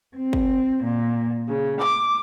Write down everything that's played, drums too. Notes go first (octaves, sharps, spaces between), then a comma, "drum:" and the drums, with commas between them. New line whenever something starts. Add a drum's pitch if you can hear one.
C4
drum: kick
A#2
C#3
D6, drum: clap